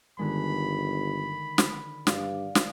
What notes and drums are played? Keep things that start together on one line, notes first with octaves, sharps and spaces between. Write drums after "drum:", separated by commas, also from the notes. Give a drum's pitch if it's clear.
G1 D3 D#3 G#3 B5
drum: snare
G2 D5 F5, drum: snare
drum: snare